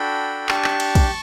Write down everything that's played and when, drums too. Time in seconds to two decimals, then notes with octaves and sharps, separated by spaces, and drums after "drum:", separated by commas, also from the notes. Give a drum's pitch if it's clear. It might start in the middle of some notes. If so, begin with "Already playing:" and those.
Already playing: D4 F#4 A4 G5 B5
0.49 D4 G4 A5 C#6, drum: clap
0.64 drum: clap
0.80 drum: cymbal
0.95 drum: kick, cymbal